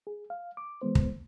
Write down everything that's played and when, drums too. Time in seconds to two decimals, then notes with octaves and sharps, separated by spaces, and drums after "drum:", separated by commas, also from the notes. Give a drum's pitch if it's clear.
0.07 G#4
0.30 F5
0.57 D6
0.82 E3 G#3 B3 C5
0.95 drum: kick